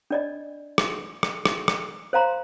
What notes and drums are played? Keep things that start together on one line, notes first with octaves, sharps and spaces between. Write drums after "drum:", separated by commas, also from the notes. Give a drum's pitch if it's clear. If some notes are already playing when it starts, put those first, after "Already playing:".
D4 D5 D#5
drum: rim click
drum: rim click
drum: rim click
drum: rim click
C5 F5 A#5 C6